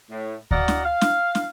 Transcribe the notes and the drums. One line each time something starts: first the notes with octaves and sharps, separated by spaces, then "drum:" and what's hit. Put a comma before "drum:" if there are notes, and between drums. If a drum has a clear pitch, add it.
A2
F#4 D5 D#5 F5 F#5 A#5, drum: kick D2
drum: snare
F5
drum: snare
drum: snare